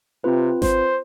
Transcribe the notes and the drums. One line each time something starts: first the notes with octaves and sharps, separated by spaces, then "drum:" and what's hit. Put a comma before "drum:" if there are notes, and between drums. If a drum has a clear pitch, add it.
C3 C4 F4 B4
C5, drum: snare G#1